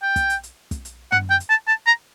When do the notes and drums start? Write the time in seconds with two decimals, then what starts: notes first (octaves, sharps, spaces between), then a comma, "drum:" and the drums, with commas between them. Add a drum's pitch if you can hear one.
0.03 G5
0.16 drum: kick, hi-hat
0.30 drum: hi-hat
0.43 drum: hi-hat
0.71 drum: kick, hi-hat
0.85 drum: hi-hat
1.12 F#5, drum: tom
1.31 G5
1.40 drum: hi-hat
1.50 A5
1.68 A5
1.87 A#5